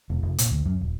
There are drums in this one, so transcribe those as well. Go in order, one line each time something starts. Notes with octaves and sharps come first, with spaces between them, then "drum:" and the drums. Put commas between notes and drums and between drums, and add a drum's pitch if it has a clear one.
E1
F1
A#2, drum: hi-hat
D2
F#2
D#1